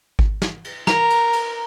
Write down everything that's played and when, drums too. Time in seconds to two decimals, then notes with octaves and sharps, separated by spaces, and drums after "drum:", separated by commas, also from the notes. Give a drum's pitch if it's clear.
0.19 drum: kick G#1
0.42 drum: snare
0.64 drum: cymbal
0.87 A#4 A#5, drum: snare
1.10 drum: cymbal
1.33 drum: cymbal